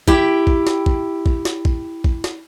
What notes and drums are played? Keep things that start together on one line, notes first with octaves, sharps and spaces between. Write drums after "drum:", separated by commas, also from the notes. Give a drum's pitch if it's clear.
E4 G4 G5, drum: kick
drum: kick
drum: snare
drum: kick
drum: kick
drum: snare
drum: kick
drum: kick
drum: snare